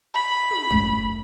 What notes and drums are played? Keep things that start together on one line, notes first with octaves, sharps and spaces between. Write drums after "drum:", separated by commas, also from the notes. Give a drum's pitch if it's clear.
B5
drum: tom
F#2 A3, drum: kick